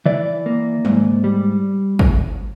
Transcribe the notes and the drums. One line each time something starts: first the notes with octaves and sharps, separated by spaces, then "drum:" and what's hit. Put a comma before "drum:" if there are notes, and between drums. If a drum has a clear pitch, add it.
E3 D5
A#3
G#2, drum: tom
G3
drum: kick